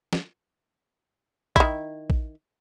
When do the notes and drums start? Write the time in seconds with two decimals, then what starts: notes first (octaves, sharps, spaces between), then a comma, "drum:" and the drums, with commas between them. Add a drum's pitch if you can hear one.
0.13 drum: snare
1.56 D#3 E4, drum: kick
2.10 drum: kick